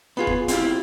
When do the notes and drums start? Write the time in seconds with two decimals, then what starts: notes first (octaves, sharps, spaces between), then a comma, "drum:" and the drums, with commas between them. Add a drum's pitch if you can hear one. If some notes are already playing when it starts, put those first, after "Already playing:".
0.17 B3 F4 G#4
0.27 drum: kick F1
0.48 C4 E4 F4 G4, drum: hi-hat